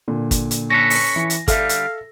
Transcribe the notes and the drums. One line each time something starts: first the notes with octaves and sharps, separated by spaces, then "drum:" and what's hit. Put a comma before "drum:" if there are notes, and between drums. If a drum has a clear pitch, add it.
A#2 D3
drum: kick, hi-hat
drum: hi-hat
C#4 A4 B4 C#6 A#6
drum: open hi-hat
E3
drum: hi-hat
D3 G3 A4 E5 F5, drum: kick, hi-hat
drum: hi-hat